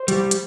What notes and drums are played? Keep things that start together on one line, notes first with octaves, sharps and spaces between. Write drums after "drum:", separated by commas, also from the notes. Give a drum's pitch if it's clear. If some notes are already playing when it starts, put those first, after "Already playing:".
Already playing: C5
G3, drum: hi-hat
drum: hi-hat